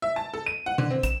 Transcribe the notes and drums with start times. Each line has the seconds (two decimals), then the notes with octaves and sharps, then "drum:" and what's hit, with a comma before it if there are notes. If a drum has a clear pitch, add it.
0.02 E5
0.16 A5
0.34 A4
0.46 D#7
0.66 F#5
0.78 D3
0.90 C4
1.03 E7, drum: kick, hi-hat